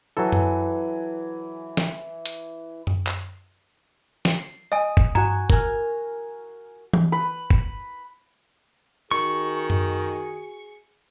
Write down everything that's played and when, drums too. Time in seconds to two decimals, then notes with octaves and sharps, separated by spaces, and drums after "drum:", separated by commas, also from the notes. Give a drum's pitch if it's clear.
0.17 E3 F#3 A4
0.32 drum: tom F#2
1.77 drum: snare
2.26 drum: hi-hat
2.87 drum: tom F#2
3.07 drum: clap
4.25 C7, drum: snare
4.72 D#5 G#5 D#6
4.97 drum: kick G1
5.15 F#4 G#5 A#5, drum: tom G2
5.50 A#4 G#5 F6, drum: kick G1
6.93 drum: tom E3
7.12 B4
7.50 drum: kick G1
9.11 D#3 F#4 G#4 C#6
9.70 drum: tom F#2